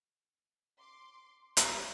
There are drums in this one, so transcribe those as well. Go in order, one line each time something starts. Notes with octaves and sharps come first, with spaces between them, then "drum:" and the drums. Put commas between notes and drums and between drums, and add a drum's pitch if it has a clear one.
C6 D6
D4 G4 A#5 B5 G#6 A#6, drum: hi-hat